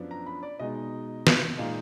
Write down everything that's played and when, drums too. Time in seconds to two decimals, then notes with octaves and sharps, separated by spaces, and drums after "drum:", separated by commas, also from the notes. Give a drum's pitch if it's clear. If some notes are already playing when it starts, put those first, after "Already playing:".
Already playing: F#2 F3 B3 D4
0.11 A#5
0.26 B5
0.43 D5
0.59 B2 G#3 D#4 D#5
1.27 drum: snare
1.58 A#2 G#3 D#4 F5